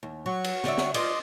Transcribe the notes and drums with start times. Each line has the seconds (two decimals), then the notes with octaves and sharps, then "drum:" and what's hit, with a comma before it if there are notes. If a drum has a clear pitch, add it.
0.03 D#2
0.26 F#3 F#4 C#5 C#6
0.44 drum: cymbal
0.64 D3 D5 E5, drum: snare
0.78 drum: snare
0.94 F4 C5 D5 D#5 C6 D6, drum: cymbal